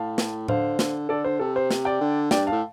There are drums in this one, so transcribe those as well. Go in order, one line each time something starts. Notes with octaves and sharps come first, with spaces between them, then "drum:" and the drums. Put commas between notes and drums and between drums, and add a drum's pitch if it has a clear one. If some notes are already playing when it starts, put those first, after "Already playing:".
Already playing: A2 F5 A5
drum: snare
D3 C5 F5, drum: tom A2
D3, drum: snare
D3 A4 D5
D3 C5
C3 A4
C5
drum: snare
D5 G5
D3
G2 D5 G5, drum: snare
F5 A5
A2